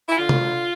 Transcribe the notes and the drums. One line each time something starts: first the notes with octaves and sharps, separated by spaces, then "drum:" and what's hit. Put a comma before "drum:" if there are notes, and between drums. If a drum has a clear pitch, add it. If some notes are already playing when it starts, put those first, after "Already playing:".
E4
D3 F4
drum: tom C3
D3